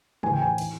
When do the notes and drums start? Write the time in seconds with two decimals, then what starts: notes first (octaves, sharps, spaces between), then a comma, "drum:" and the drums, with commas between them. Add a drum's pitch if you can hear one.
0.23 A2 E3 G#5, drum: tom C#3
0.33 G5
0.42 G#5
0.58 E3, drum: cymbal